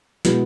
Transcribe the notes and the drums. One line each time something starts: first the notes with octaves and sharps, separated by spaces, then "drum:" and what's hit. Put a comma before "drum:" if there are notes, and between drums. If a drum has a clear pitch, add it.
B2 G#3 B3 E4, drum: snare